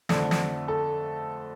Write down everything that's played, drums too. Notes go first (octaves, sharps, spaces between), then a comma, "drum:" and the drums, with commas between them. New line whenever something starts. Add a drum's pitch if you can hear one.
F2 D3 A3 A4, drum: snare
drum: snare
A4